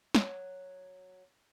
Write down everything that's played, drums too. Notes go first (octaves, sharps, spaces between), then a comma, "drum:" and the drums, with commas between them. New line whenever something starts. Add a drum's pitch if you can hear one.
F#3, drum: snare